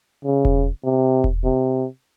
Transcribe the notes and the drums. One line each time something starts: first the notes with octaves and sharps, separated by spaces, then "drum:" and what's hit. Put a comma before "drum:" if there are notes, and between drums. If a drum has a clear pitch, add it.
C#3
drum: kick E1
C3
drum: kick E1
C3